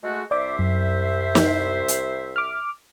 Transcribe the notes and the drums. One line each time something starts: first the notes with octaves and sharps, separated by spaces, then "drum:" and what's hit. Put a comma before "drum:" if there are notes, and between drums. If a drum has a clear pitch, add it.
G#3 A3 F#4
C2 C5 D5 E5 D6
F#2
drum: snare
drum: hi-hat
D6 F6